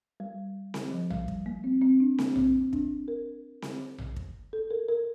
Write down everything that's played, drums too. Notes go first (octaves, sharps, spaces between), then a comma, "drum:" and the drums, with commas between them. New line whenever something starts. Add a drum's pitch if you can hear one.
G3
drum: snare C4
F3
G3, drum: tom A#1
drum: kick
A#3
C4
C4
D4
A#3, drum: snare C4
C4, drum: tom A#1
D4, drum: kick
A#4
drum: snare C4
drum: tom A#1
drum: kick
A4
A#4
A#4